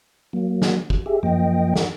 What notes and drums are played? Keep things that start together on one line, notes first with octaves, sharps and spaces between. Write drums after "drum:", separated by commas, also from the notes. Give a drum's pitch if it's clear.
F#3 A#3
drum: snare
drum: kick
G4 G#4 E5
F#2 F3 A#3 D#5 G5
drum: snare